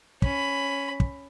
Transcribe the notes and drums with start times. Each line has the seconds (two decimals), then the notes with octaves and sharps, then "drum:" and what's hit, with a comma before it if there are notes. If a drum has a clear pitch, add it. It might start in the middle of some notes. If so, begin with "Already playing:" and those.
0.22 C#4 B5, drum: kick
1.00 drum: kick